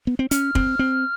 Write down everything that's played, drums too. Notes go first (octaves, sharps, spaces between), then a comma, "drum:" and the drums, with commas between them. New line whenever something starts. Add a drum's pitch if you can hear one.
B3
C4
C#4 F6, drum: hi-hat
C4, drum: kick
C4